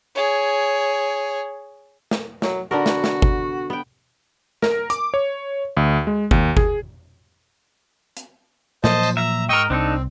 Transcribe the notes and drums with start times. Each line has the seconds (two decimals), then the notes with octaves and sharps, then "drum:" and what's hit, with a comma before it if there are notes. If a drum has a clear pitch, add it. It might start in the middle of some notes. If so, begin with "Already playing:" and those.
0.15 G#4 C#5
2.11 drum: snare
2.42 F#3, drum: snare
2.71 D3 B3 F#4 A#4
2.86 drum: snare
3.04 drum: snare
3.22 drum: kick G1
3.70 B3 G5
4.62 A#4, drum: snare
4.90 D6, drum: hi-hat
5.14 C#5
5.77 D2
6.07 G#3
6.31 D#2, drum: kick G1
6.57 G#4, drum: kick G1
8.17 drum: hi-hat
8.84 A#2 F3 F#3 C5 D#5 A5, drum: snare
9.03 drum: tambourine
9.17 E5 A#5
9.49 G#2 A#4 D#5 G5 C#6 E6
9.70 C2 C4 D4 D#4 A4